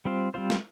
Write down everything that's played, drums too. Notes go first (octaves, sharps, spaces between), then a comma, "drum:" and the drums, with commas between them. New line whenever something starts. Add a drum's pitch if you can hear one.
G3 C4 F4 C5
G3 C4 F4 C5
drum: snare